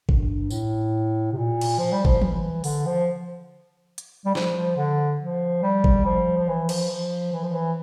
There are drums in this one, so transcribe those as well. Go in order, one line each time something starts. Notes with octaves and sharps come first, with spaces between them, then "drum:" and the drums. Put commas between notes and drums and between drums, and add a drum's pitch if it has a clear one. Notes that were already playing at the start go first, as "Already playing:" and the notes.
G2, drum: kick G#1
A2, drum: tambourine
C3
A#2
drum: cymbal
F3
G3
F3, drum: kick G#1
E3, drum: tom F3
D3, drum: open hi-hat
F3
drum: hi-hat
G3
F3, drum: snare
F3
D3
F3
G3
drum: kick G#1
F3
F3
E3
F3, drum: cymbal
F3
E3
F3
E3